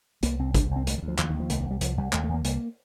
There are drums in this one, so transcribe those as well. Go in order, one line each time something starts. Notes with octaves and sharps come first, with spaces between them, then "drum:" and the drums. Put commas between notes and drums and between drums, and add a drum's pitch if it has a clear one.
C2 A#3, drum: hi-hat
C2 C4
C2 D4, drum: kick, hi-hat
C2
C4
D2 A3, drum: hi-hat
D#3
D2
F3
D#2 F3, drum: clap
D#3
D#2
F3
C2 A3, drum: hi-hat
A#3
C2
G3
C2 F3, drum: hi-hat
C2 G3
D#2 A3, drum: clap
A3
D#2 A#3
C2 A#3, drum: hi-hat